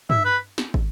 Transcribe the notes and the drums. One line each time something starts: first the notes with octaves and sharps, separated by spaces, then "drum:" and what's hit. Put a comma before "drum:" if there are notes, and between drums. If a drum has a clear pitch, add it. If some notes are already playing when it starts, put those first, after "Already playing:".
E5, drum: tom
B4
drum: snare
drum: kick